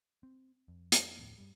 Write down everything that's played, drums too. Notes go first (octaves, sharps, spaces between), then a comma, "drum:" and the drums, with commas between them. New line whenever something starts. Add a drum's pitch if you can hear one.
C4
F2
drum: hi-hat
D1 F2 A2 D#3
G2 G3